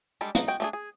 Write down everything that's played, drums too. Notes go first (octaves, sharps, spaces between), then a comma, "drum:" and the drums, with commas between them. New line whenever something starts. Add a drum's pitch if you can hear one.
G3 G#3 D4 A4
D#4, drum: hi-hat
G#3 F#4 D#5 G5
A3 D4 G#4
G#4